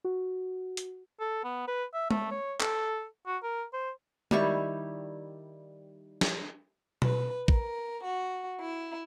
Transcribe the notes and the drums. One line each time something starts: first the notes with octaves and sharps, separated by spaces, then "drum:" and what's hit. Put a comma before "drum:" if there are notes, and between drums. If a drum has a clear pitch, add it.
F#4
drum: hi-hat
A4
B3
B4
E5
A3, drum: tom G#3
C#5
A4, drum: clap
F#4
A#4
C5
D#3 G3 E4 C#6, drum: tom G#3
drum: snare
B4, drum: tom B2
A#4, drum: kick
F#4
E4